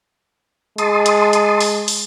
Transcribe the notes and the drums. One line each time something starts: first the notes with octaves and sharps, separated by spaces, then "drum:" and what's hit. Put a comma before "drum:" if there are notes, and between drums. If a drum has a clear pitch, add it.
G#3 A5 C6 D#6, drum: hi-hat
drum: hi-hat
drum: hi-hat
drum: open hi-hat
drum: open hi-hat